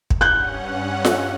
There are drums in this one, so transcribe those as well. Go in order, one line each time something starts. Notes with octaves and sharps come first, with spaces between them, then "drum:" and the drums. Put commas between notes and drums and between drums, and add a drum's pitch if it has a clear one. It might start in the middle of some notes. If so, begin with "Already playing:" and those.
drum: kick
G2 C#4 F#5 F#6 G6
drum: snare F4